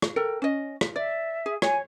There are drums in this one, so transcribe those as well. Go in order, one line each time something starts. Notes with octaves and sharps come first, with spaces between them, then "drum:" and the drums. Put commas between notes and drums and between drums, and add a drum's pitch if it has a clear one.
drum: rim click
A4 A#4 G5
C#4 D#5
drum: rim click
D5 E5
G#4
C#5 G#5, drum: rim click